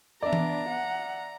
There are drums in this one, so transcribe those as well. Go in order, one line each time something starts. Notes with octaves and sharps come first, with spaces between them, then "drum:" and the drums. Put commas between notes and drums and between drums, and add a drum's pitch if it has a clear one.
B3 D4 D5 E5 A#5
drum: tom E3
F#5